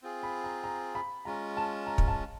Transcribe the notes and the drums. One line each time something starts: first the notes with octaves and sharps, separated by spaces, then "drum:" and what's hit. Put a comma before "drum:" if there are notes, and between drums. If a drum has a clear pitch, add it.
C4 F4 G#4
B5
A#5
A#5
B5
G#3 C#4 F4 A#5
A5
A#5
drum: kick
A5